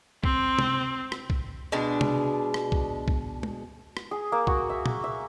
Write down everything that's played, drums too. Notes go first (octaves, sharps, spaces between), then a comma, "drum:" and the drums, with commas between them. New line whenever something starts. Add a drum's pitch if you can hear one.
C4, drum: kick
drum: tom C3
drum: rim click
drum: kick
B2 G#3 D4
drum: tom C3
drum: rim click
drum: kick
drum: kick
drum: tom
drum: rim click
G#4
A#3
F#4, drum: kick
E5
drum: tom A#2
E5